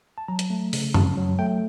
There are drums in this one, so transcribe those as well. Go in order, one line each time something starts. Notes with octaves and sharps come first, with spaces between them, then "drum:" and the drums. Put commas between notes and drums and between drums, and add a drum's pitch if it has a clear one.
A5
F#3 A#5
drum: hi-hat
A3
C#3, drum: open hi-hat
F#2 A5, drum: tom F#2
F#3
A3 G5